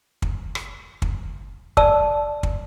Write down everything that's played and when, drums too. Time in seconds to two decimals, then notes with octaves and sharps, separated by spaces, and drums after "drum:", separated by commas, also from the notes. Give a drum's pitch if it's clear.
0.22 drum: kick
0.55 drum: rim click
1.02 drum: kick
1.77 D5 A5 E6, drum: kick
2.43 drum: kick